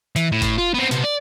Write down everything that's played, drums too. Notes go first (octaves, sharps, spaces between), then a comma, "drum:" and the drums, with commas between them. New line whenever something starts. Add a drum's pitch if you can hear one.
E3, drum: hi-hat
A2
drum: kick, hi-hat
F4
B3 C4
C3 B3, drum: hi-hat
D5